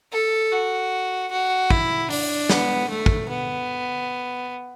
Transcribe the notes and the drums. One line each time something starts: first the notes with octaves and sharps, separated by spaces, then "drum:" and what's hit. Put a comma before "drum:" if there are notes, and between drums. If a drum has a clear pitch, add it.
A4
F#4
F#4
E4, drum: kick
D4, drum: open hi-hat
B3, drum: snare
A3
drum: kick
B3